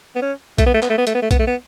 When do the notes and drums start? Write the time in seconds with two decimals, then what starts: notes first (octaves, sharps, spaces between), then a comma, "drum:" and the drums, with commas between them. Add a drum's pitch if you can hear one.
0.16 B3
0.22 C#4
0.58 A3, drum: kick B1, hi-hat
0.67 B3
0.74 A3
0.82 B3, drum: clap
0.90 A3
0.98 B3
1.07 A3, drum: hi-hat
1.15 B3
1.22 A3
1.31 B3, drum: kick B1, hi-hat
1.39 A3
1.47 B3